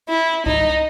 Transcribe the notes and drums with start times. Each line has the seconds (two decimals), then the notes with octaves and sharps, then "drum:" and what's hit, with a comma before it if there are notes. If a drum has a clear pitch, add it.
0.09 E4
0.46 D#4, drum: kick C2